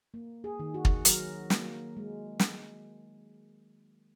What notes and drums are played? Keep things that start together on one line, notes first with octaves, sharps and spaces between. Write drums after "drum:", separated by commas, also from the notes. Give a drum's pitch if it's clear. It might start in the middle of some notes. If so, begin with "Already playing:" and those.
A#3
G#4
D#3
F#4
drum: kick
F#3 A#4, drum: hi-hat
A#3, drum: snare
G#3
drum: snare